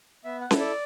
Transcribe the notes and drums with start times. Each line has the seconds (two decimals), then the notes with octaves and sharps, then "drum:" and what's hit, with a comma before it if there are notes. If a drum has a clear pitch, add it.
0.24 B3 E5
0.41 F#5
0.51 E4 A4, drum: snare C#4
0.59 D5